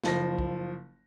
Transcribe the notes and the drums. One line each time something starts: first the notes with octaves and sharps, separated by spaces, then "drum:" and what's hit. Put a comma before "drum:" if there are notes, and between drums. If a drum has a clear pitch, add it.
F#1 F3 A#6, drum: snare
drum: kick